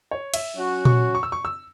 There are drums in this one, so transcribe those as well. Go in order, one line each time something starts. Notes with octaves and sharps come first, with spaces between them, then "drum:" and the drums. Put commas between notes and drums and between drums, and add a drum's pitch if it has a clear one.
C#5
E5, drum: cymbal
F#3 C#4 F#4
C#6, drum: tom A#2
C#6
E6
C#6
E6